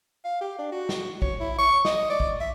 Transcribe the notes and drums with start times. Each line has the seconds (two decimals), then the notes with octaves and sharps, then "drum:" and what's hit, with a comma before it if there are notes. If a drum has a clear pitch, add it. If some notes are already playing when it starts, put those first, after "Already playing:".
0.25 F5
0.41 G4
0.59 D4
0.72 F#4
0.89 drum: snare
1.22 C#5, drum: kick
1.40 E4
1.59 C#6
1.85 D#5, drum: snare
2.10 D5
2.20 drum: kick
2.40 E5